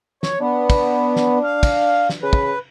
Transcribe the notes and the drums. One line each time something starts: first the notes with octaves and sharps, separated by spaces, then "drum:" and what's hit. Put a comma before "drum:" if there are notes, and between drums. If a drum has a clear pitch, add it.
C#5, drum: snare
B3 D4
drum: kick, cymbal
drum: snare
F5
drum: kick, cymbal
drum: snare
C#3 B4
drum: kick